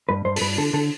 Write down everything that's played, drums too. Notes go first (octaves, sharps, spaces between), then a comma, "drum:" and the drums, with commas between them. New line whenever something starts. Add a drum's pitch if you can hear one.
G2 B4
G2 C5
A4, drum: open hi-hat
G2 B4
D3 A4
D3 A4